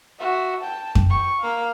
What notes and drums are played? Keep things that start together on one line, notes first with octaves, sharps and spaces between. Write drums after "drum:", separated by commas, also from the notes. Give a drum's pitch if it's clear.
F#4 E5
G5 A5
drum: kick F2
G5 C#6
A#3 F5